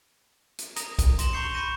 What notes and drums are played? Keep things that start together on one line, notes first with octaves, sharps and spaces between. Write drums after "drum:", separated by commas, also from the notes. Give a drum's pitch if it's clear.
drum: hi-hat
A#5 D#6 A#6, drum: hi-hat
drum: kick B1, hi-hat
C6 A#6 E7 F#7, drum: hi-hat
A#5 C6 C#6 G6 C7 C#7
B5 C#6 G6 A#6 D#7